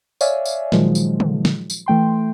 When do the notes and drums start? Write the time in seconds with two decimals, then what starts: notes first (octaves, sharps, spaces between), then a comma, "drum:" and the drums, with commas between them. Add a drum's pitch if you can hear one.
0.21 C#5 D5 E5 F5 G#5, drum: tambourine
0.45 drum: tambourine
0.72 A#2 D#3 F3 F#3 G#3, drum: snare
0.95 drum: tambourine
1.20 drum: tom
1.45 drum: snare
1.70 drum: tambourine
1.86 E3 A3 G5 C6